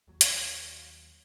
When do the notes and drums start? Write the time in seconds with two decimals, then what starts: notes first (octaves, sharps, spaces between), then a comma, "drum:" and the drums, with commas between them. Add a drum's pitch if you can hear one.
0.07 D#2 F#3
0.21 drum: hi-hat